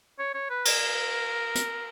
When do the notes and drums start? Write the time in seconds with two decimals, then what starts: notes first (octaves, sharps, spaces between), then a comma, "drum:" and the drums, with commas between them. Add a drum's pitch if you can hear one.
0.19 C#5
0.34 C#5
0.50 B4
0.65 A#4, drum: cymbal
1.55 drum: hi-hat